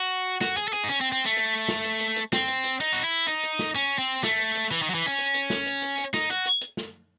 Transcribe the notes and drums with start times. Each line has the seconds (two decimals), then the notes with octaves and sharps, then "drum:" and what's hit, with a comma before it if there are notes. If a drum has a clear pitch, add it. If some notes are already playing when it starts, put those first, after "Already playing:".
Already playing: F#4
0.41 F#4, drum: snare
0.57 G#4, drum: hi-hat
0.68 A4
0.73 G#4, drum: hi-hat
0.84 D#4
0.89 C#4, drum: hi-hat
1.01 C4
1.12 C4
1.25 A3
1.37 drum: hi-hat
1.68 drum: snare
1.84 drum: hi-hat
2.00 drum: hi-hat
2.16 drum: hi-hat
2.33 C4, drum: snare
2.48 drum: hi-hat
2.64 drum: hi-hat
2.80 D#4, drum: hi-hat
2.92 F#4
3.04 E4
3.27 D#4, drum: hi-hat
3.43 drum: hi-hat
3.59 drum: snare
3.75 C#4, drum: hi-hat
3.99 C4
4.23 A3, drum: snare
4.39 drum: hi-hat
4.55 drum: hi-hat
4.71 E3, drum: hi-hat
4.82 D#3
4.90 F#3
4.94 E3
5.06 C#4
5.18 drum: hi-hat
5.34 drum: hi-hat
5.50 drum: snare
5.66 drum: hi-hat
5.82 drum: hi-hat
5.98 drum: hi-hat
6.14 D#4, drum: snare
6.30 F#4, drum: hi-hat
6.45 drum: hi-hat
6.61 drum: hi-hat
6.77 drum: snare